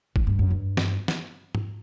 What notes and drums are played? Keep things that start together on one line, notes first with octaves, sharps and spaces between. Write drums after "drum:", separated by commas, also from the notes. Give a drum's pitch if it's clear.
A2, drum: kick G1
G2
F#2
G2
drum: snare
drum: snare
drum: tom G#2